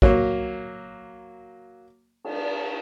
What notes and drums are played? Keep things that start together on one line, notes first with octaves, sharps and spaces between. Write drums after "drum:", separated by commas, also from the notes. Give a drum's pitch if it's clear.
F#3 A#3, drum: kick
drum: cymbal